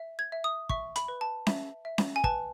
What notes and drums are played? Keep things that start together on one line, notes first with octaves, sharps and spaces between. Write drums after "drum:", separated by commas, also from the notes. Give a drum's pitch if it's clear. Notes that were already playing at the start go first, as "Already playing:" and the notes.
Already playing: E5
G#6
E5
D#6
E5 C#6, drum: kick
B5, drum: hi-hat
B4
A5
E5, drum: snare C#4
E5
drum: snare C#4
G#5
B4 A5, drum: kick